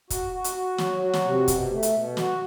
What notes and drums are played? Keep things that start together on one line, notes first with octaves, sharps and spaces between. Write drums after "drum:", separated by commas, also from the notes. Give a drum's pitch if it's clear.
F#4, drum: kick, hi-hat
F#4
drum: hi-hat
F#4
F#3, drum: snare
F#4
drum: snare
C3
B2, drum: kick, hi-hat
A3
drum: hi-hat
B2
F#4, drum: snare